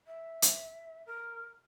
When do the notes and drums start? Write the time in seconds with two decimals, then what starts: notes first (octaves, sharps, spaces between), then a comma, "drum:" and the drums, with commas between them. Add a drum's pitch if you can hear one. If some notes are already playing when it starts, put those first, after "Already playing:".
0.06 E5
0.42 drum: hi-hat
1.06 A#4